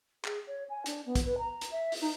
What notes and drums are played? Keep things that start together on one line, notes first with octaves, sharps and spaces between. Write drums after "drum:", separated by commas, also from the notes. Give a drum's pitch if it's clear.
G#4, drum: clap
C#5
G#5
D4, drum: hi-hat
B3
drum: kick, hi-hat
B4
A#5
drum: hi-hat
E5
drum: open hi-hat
D#4